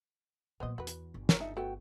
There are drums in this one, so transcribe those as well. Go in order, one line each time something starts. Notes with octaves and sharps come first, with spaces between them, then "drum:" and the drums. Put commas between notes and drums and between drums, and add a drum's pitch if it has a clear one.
A#2 F#3 B3 C5 D#5
E2 F#4 B4
drum: hi-hat
G1
A#4 C#5, drum: snare
D4 D#4 E5
A3 B3 F#4 G5